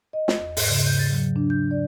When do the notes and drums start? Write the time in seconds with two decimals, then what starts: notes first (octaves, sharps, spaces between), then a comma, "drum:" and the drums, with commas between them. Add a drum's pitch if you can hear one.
0.13 D#5
0.28 drum: snare
0.39 E2
0.57 G#2, drum: open hi-hat
0.69 C#3
0.86 G6
0.99 A6
1.11 F#3
1.36 D4
1.50 G6
1.71 D5